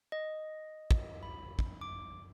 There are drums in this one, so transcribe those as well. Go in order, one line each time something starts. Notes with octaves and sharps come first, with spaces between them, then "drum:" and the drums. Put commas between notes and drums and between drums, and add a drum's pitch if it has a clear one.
D#5
drum: kick
B5
drum: kick
D6